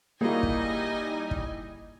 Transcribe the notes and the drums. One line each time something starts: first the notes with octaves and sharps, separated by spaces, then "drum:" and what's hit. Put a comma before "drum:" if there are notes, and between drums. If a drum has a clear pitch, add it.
G3 A#3 D#4 E4 F#4 G#4 D#5 G#5
drum: kick
drum: kick